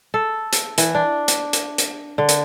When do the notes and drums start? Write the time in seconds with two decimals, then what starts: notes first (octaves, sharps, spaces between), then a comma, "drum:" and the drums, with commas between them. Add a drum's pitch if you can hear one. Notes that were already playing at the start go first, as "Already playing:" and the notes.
0.14 A4
0.53 drum: hi-hat
0.78 E3, drum: hi-hat
0.95 D4
1.28 drum: hi-hat
1.53 drum: hi-hat
1.78 drum: hi-hat
2.18 D3
2.29 drum: hi-hat